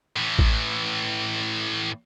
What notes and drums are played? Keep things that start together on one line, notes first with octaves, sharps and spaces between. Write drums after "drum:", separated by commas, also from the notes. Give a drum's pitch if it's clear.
A2 E3
drum: kick A1